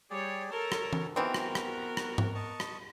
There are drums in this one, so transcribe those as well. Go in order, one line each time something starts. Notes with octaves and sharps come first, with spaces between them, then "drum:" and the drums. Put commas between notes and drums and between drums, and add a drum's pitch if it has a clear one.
G3 G4 G#4 C#5 D5
A4 A#4 C#5 A5
drum: rim click
drum: tom E3
D#3 E3 B3 C4 F#4 A#4
drum: rim click
drum: rim click
drum: rim click
drum: tom G#2
D#5 A5 C#6
drum: rim click